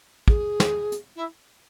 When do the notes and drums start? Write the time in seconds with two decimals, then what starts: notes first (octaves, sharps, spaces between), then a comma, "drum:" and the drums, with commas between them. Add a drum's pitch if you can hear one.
0.28 G#4, drum: kick
0.60 drum: snare
0.92 drum: hi-hat
1.15 E4